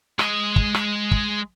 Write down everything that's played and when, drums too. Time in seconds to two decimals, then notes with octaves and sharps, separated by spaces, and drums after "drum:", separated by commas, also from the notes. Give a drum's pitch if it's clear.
0.19 G#3 D#5, drum: rim click
0.56 drum: kick
0.74 drum: rim click
1.11 drum: kick